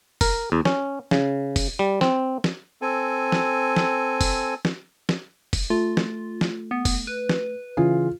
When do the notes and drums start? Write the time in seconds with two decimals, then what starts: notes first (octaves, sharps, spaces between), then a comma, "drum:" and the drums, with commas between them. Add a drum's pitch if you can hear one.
0.21 A#4, drum: kick, open hi-hat
0.52 E2
0.65 C#4, drum: snare
1.11 C#3, drum: snare
1.56 drum: kick, open hi-hat
1.79 G3
2.01 C4, drum: snare
2.44 drum: snare
2.82 C4 A4 G#5
3.32 drum: snare
3.76 drum: snare
4.21 drum: kick, open hi-hat
4.65 drum: snare
5.09 drum: snare
5.53 drum: kick, open hi-hat
5.70 A3 F4
5.97 drum: snare
6.41 drum: snare
6.71 B3
6.85 drum: kick, open hi-hat
7.07 B4
7.29 drum: snare
7.77 C#3 E3 F4 G#4